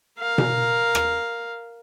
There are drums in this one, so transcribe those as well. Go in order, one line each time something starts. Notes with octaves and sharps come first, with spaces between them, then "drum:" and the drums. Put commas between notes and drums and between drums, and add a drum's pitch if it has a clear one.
A#4 F5
drum: tom B2
drum: rim click